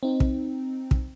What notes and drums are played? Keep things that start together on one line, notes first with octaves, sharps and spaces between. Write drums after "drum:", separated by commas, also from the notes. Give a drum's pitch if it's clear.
C4 D#4
drum: kick
drum: kick